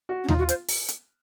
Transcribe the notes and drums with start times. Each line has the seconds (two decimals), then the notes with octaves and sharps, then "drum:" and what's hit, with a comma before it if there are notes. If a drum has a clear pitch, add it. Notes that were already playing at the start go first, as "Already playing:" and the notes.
0.09 F#4
0.24 C#4
0.28 D#4 F4, drum: tom D#2
0.39 F#4
0.42 F4
0.49 C5, drum: hi-hat
0.69 drum: open hi-hat
0.89 drum: hi-hat